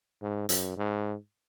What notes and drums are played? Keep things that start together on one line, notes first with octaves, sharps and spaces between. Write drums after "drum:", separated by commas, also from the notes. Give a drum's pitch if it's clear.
G#2
F#2, drum: hi-hat
G#2